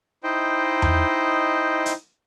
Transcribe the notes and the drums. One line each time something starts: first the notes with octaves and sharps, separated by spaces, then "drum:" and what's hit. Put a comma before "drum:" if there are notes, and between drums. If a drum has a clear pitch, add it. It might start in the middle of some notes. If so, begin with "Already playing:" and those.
D#4 E4 C5 D#5 G5
drum: tom E2
drum: hi-hat